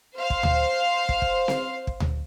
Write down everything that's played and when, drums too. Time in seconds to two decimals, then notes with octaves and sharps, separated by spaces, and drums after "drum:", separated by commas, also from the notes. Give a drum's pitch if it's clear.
0.17 C5 F5
0.30 drum: kick
0.43 drum: tom D2
1.09 drum: kick
1.22 drum: kick
1.48 drum: snare C4
1.87 drum: kick
2.00 drum: tom D2